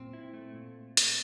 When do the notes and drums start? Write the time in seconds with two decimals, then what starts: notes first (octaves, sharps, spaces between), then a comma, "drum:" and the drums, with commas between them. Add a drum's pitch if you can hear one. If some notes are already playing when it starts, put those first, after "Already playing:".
Already playing: A#2 C4
0.13 E4
0.34 A3
0.54 A#2
0.97 drum: hi-hat